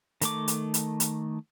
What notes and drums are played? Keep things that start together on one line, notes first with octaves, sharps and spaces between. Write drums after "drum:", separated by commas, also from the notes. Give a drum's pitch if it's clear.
D#3 A3 D6, drum: hi-hat
drum: hi-hat
drum: hi-hat
drum: hi-hat